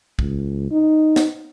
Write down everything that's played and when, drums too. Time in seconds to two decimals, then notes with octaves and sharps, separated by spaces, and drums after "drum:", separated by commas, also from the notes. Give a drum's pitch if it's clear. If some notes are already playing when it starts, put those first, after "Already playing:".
0.19 C#2, drum: kick
0.71 D#4
1.16 drum: snare